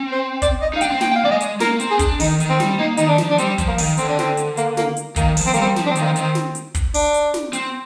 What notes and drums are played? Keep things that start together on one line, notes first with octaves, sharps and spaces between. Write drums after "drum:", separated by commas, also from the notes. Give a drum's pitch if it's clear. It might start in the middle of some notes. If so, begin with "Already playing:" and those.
Already playing: C4
C5
D5, drum: kick, hi-hat
D#5
D#4 F5
D4 G5, drum: hi-hat
C4
A#3 G5, drum: snare
G5
F5
A#3 D5
G#3 D#5
drum: hi-hat
A#3 A#4, drum: snare
C4, drum: hi-hat
G#4
D4, drum: kick, hi-hat
D#3 D#4, drum: open hi-hat
D#3, drum: hi-hat
C4
G3, drum: snare
A#3 D#4
D#3 D#4, drum: hi-hat
D4
F3, drum: snare
D4
G3 C4, drum: hi-hat
F3, drum: kick, hi-hat
A#3
D#3, drum: open hi-hat
D3 C4, drum: hi-hat
D4
C4, drum: snare
drum: hi-hat
A#3, drum: hi-hat
A#3, drum: snare
drum: hi-hat
D#3 A#3, drum: kick, hi-hat
F3, drum: open hi-hat
C4
G3 A#3, drum: hi-hat
C4
F3, drum: snare
D4
C4
D#3, drum: hi-hat
A#3
C4
D#3 C4, drum: hi-hat
drum: snare
drum: hi-hat
drum: kick, hi-hat
D4, drum: open hi-hat
drum: hi-hat
drum: snare
C4, drum: hi-hat